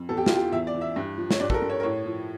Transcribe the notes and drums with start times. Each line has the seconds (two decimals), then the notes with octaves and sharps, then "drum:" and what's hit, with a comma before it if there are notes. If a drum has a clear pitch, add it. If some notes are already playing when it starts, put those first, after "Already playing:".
Already playing: F2
0.09 E2 A4
0.17 G4
0.26 F4, drum: snare
0.31 E3 G4
0.52 E2 E5
0.67 D5
0.74 E3
0.81 E5
0.96 G2
1.18 F3
1.31 C#5, drum: snare
1.40 G2 D5
1.50 A4, drum: kick
1.54 A#4
1.62 G2
1.69 C#5
1.80 A#4
1.83 A2 C#5
2.06 F3